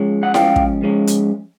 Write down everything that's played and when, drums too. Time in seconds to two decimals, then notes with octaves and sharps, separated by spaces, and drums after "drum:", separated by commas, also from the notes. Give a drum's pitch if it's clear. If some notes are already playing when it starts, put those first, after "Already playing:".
Already playing: F3 G#3 C#4
0.23 F#5
0.34 F3 G#3 C#4 F5 G5, drum: snare E4
0.56 drum: kick
0.82 F3 G#3 C#4
1.07 drum: hi-hat